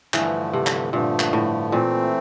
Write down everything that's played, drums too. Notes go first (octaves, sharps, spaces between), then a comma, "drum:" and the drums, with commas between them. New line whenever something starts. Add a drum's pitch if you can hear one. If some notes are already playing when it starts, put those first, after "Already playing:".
G2 D3 E3 F3 A3, drum: clap
C3
drum: clap
G2 A#2 D3 F3 A3
drum: clap
A2
A#2 E3 A3 C4